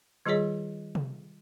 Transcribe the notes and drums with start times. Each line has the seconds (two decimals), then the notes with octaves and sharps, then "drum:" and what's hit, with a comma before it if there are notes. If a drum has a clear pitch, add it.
0.26 D#3 G3 F4 G#4 C#5 D#5
0.95 drum: tom C3